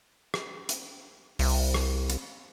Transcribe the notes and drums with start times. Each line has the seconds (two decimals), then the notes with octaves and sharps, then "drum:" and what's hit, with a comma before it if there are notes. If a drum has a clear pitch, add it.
0.34 drum: rim click
0.69 drum: hi-hat
1.39 C2, drum: open hi-hat
1.74 drum: rim click
2.10 drum: hi-hat